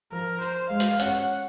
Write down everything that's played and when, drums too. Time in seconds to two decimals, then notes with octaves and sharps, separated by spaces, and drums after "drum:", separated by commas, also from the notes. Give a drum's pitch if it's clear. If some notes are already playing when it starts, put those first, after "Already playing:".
0.12 F3 A#4
0.42 C5, drum: tambourine
0.70 G#3 F5
0.80 drum: hi-hat
1.00 C#4 F#5, drum: hi-hat